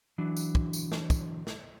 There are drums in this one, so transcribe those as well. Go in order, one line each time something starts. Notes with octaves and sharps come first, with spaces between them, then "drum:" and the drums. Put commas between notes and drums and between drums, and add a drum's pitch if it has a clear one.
E3 F#3 D4
drum: tambourine
drum: kick
drum: tambourine
drum: snare
drum: kick, tambourine
drum: snare